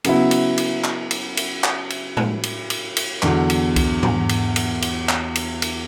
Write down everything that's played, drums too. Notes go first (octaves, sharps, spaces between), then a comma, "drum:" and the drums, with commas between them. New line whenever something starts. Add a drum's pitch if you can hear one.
C#3 F#3 B3 E4, drum: cymbal
drum: cymbal
drum: cymbal
drum: clap
drum: cymbal
drum: cymbal
drum: clap
drum: cymbal
drum: tom
drum: cymbal
drum: cymbal
drum: cymbal
E2 D3 F#3, drum: clap
drum: cymbal
drum: kick C2, cymbal
drum: tom G#2
drum: cymbal
drum: cymbal
drum: cymbal
drum: clap
drum: cymbal
drum: cymbal